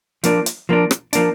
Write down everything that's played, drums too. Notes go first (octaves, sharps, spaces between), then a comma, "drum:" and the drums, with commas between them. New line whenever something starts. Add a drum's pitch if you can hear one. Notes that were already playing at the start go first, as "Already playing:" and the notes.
F3 A#3 D4, drum: hi-hat
drum: hi-hat
F3 A#3 D4
drum: rim click
F3 A#3 D4, drum: hi-hat